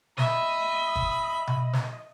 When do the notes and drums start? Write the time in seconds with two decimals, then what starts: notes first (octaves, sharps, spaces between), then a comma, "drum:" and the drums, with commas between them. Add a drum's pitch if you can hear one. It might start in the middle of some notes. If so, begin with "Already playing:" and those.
0.18 D#5 E5 B5, drum: snare
0.96 drum: kick
1.47 drum: tom B2
1.73 drum: snare